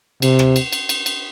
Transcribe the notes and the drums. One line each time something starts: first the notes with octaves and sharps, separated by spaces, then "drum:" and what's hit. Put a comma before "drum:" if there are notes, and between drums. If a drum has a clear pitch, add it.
C3, drum: cymbal
drum: rim click
drum: cymbal
drum: cymbal
drum: cymbal
drum: cymbal